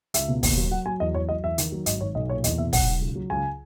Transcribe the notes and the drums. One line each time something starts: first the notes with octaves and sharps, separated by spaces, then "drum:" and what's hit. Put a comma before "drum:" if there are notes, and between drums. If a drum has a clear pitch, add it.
C#2 E5, drum: hi-hat
B2
D#2, drum: kick, open hi-hat
F#3
F#3 F#5
F#3 G#5
E2 D#5
E2 C#5
F#3 D#5
E2 E5
D#3, drum: hi-hat
F#3
G#1 D#5, drum: hi-hat
G#1 C#5
B1 D#5
A#2 C#5
E2 D#5, drum: hi-hat
B2 E5
B1 F#5, drum: kick, open hi-hat
B1
C#2
F#3
C#2 G#5